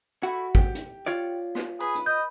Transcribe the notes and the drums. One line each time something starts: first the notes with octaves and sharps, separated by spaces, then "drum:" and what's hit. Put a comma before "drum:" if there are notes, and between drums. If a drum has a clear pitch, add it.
A3 E4 F#4
G4, drum: kick G#1
drum: hi-hat
F4 C#5 D5
drum: rim click
G#4 B4 B5
drum: hi-hat
D#5 G6